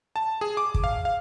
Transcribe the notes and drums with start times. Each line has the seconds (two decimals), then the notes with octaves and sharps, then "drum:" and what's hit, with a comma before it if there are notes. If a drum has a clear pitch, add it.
0.16 A5
0.41 G#4
0.57 D6
0.74 drum: kick
0.84 F5
1.05 F5